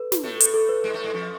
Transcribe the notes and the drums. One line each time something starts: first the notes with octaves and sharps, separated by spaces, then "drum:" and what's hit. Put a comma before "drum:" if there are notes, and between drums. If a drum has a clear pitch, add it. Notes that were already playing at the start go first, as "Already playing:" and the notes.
Already playing: A4 B4
drum: snare
A2 A3
drum: hi-hat
A4
B4
G#2 G#3
A2 A3
G#2 G#3
F2 F3